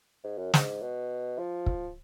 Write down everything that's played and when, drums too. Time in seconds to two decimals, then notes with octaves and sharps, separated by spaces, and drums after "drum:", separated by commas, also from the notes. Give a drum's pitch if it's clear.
0.24 G#2
0.38 F#2
0.54 G#2, drum: snare
0.82 B2
1.39 F3
1.66 drum: kick